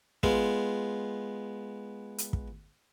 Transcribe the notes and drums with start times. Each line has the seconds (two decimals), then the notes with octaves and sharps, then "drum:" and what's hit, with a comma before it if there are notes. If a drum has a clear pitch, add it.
0.23 G#3 B3 F4, drum: kick
2.18 drum: hi-hat
2.33 drum: kick